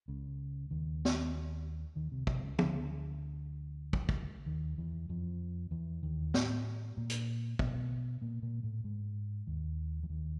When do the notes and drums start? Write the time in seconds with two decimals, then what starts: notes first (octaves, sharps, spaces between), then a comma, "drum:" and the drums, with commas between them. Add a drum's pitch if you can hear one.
0.08 C#2 C#3
0.71 D#2 D#3
1.05 drum: snare
1.96 D#2 D#3
2.12 C2 C3
2.27 C2 C3, drum: kick
2.43 C#2 C#3
2.59 D2 D3, drum: tom
3.93 drum: kick
4.09 drum: kick
4.46 D#2 D#3
4.78 E2 E3
5.09 F2 F3
5.71 E2 E3
6.03 D#2 D#3
6.34 A2 A3, drum: snare
6.97 A#2 A#3
7.10 drum: hi-hat
7.59 B2 B3, drum: kick
8.22 A#2 A#3
8.42 A#2 A#3
8.63 A2 A3
8.84 G#2 G#3
9.47 D#2 D#3
10.03 E3
10.09 D#2 D#3